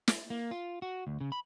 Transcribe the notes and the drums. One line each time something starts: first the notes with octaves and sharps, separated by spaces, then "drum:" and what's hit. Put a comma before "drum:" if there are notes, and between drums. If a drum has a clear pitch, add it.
drum: snare
A#3
F4
F#4
D2
C#3
B5